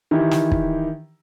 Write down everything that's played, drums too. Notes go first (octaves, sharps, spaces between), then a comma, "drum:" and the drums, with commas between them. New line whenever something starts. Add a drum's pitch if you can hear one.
D#3 E3 E4 G4
drum: snare
drum: kick